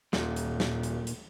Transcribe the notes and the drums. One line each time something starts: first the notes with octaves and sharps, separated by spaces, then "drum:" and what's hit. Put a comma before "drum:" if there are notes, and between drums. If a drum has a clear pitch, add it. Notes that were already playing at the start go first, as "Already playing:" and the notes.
D#1 A#2, drum: snare
drum: hi-hat
drum: snare
drum: hi-hat
drum: hi-hat